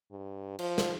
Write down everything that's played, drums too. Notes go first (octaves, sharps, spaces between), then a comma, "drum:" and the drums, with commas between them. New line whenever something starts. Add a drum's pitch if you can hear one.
G2
F3, drum: cymbal
drum: snare